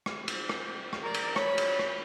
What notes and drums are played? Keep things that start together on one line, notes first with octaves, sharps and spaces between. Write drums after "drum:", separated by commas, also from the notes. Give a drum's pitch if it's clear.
drum: rim click
drum: cymbal
drum: rim click
drum: rim click
A#4 D5
drum: cymbal
C#5 B5, drum: rim click
drum: cymbal
drum: rim click